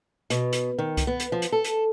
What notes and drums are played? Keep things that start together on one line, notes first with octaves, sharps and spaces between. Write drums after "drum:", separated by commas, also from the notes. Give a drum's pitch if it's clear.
B2, drum: hi-hat
drum: hi-hat
D#3
drum: kick C2, hi-hat
B3
drum: hi-hat
F3
drum: hi-hat
A4
drum: hi-hat